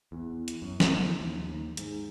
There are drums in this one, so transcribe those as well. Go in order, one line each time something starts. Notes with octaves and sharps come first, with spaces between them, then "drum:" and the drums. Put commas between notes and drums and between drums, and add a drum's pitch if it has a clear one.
E2
drum: hi-hat
F#2
E2, drum: snare
D#2
D#2
G#2, drum: hi-hat